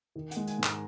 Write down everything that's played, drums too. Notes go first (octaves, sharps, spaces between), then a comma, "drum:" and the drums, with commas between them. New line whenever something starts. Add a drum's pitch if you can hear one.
D#3
F#5, drum: hi-hat
G#3
G#5, drum: hi-hat
G#2
A#5, drum: clap